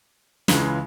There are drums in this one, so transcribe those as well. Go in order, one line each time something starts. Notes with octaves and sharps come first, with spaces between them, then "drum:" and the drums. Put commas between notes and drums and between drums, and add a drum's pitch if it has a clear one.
C#2 C#3 E3 G#3, drum: snare